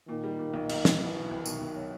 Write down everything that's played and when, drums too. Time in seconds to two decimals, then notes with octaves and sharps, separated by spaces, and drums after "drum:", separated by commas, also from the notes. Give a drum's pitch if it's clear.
0.08 A#2 D#3
0.24 G3
0.39 A#2
0.54 B1
0.69 B1, drum: cymbal
0.85 B1, drum: snare
1.00 E3 B3
1.14 B2
1.31 C2
1.46 B2 D#3, drum: tambourine
1.61 C2
1.76 F#3